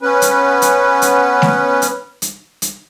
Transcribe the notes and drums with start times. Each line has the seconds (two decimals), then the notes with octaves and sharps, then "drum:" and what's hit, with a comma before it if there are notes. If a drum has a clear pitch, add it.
0.02 B3 C#4 B4
0.22 drum: hi-hat
0.62 drum: hi-hat
1.02 drum: hi-hat
1.42 drum: snare A3
1.82 drum: hi-hat
2.22 drum: hi-hat
2.62 drum: hi-hat